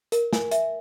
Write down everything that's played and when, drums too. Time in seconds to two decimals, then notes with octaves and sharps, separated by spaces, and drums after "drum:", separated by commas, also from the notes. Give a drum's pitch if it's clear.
0.12 A#4, drum: hi-hat
0.33 G#5, drum: snare
0.51 E5, drum: hi-hat